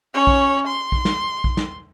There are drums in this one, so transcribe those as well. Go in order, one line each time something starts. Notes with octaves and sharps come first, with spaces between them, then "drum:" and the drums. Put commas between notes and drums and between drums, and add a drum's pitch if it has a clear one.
C#4 C#5
drum: kick A#1
C6
drum: kick A#1
drum: snare
drum: kick A#1
drum: snare